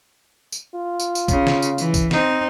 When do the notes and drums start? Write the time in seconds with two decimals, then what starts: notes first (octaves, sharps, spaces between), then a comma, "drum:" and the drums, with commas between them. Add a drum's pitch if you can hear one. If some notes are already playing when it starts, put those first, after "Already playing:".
0.52 drum: tambourine
0.75 F4
1.00 drum: tambourine
1.15 drum: tambourine
1.28 C#3, drum: kick, tambourine
1.47 drum: snare
1.62 drum: tambourine
1.78 E3, drum: tambourine
1.94 drum: kick, tambourine
2.11 C4 D#4, drum: snare